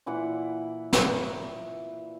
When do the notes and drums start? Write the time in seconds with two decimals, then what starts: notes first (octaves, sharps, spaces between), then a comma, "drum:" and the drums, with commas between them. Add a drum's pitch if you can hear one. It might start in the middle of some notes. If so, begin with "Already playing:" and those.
0.06 A#2 E3 E4 F#5
0.93 drum: snare